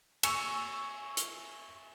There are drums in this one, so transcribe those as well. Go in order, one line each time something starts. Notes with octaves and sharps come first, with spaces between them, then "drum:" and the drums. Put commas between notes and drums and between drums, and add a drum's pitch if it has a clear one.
G#5 C#6 E6 C#7 F7, drum: cymbal
drum: hi-hat